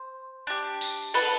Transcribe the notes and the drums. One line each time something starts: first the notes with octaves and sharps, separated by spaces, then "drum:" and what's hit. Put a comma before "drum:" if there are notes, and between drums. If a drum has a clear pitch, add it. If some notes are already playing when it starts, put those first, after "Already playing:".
Already playing: C5
D4 G4
drum: tambourine
A4 B4, drum: open hi-hat